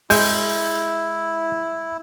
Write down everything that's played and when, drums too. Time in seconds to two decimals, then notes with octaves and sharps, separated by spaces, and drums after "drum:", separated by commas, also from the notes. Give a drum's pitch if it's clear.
0.10 G#3 E4 G6, drum: open hi-hat